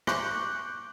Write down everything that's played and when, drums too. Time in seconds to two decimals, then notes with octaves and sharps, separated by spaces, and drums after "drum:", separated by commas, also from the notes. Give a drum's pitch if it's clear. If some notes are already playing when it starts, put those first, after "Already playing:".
0.07 C#6 D6 F#6 G6, drum: rim click